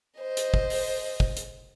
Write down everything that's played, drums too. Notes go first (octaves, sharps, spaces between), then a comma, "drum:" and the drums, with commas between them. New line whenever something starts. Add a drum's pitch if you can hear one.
C5 D#5
drum: hi-hat
drum: kick
drum: open hi-hat
drum: kick
drum: hi-hat